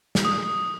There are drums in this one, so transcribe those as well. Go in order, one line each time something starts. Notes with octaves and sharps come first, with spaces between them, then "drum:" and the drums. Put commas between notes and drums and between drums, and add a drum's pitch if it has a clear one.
drum: snare
D#6